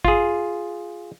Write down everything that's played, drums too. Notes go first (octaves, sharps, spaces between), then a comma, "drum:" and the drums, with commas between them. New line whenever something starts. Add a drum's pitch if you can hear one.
F4 G#4, drum: kick G#1